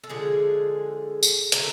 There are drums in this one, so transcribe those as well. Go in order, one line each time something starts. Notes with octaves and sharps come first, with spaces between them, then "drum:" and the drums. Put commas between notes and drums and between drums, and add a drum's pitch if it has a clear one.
A4
D3 F3 G#3 G#4
drum: tambourine
D3 F#3 A3, drum: hi-hat